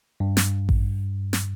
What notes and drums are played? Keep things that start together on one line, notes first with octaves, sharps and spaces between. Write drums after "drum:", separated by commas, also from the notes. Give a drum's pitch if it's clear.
G2
drum: snare
drum: kick A1
drum: snare